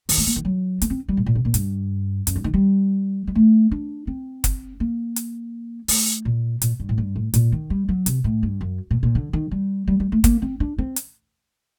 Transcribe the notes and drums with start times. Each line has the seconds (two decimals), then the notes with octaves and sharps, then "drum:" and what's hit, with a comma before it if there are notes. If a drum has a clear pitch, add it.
0.09 D#3, drum: open hi-hat
0.18 A3
0.27 A#3
0.36 D#3
0.45 F#3
0.82 A#3, drum: hi-hat
0.90 C4
1.08 G3
1.17 A2
1.26 A#2
1.35 C3
1.45 A#2
1.54 G2, drum: hi-hat
2.27 F#2, drum: hi-hat
2.36 G2
2.44 D#3
2.54 G3
3.27 G3
3.35 A3
3.72 D4
4.07 C4
4.44 drum: kick, hi-hat
4.80 A#3
5.16 drum: hi-hat
5.88 A3, drum: open hi-hat
6.25 A#2
6.62 A#2, drum: hi-hat
6.80 G2
6.89 A2
6.98 G2
7.16 A2
7.34 A#2, drum: hi-hat
7.52 D#3
7.70 G3
7.89 F#3
8.06 C3, drum: hi-hat
8.24 A2
8.43 G2
8.61 F#2
8.91 A#2
9.03 A#2
9.15 D3
9.33 D#3
9.51 G3
9.88 G3
10.00 G3
10.12 A3
10.24 A#3, drum: kick, hi-hat
10.42 C4
10.60 D4
10.78 C4
10.96 drum: hi-hat